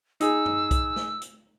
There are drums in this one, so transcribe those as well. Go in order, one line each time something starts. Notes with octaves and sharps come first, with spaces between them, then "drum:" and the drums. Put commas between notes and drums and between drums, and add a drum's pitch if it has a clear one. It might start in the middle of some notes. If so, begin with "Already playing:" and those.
D#4 G#4 E6, drum: hi-hat
drum: tom F#2
drum: kick B1, hi-hat
drum: snare
drum: hi-hat